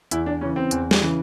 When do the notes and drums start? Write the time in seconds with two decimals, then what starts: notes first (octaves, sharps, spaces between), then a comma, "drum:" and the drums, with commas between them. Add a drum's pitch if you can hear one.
0.11 E2 E4, drum: hi-hat
0.26 D4
0.41 C#3 E3 C#4
0.56 C4
0.71 E2, drum: hi-hat
0.91 drum: snare
1.01 C#3 E3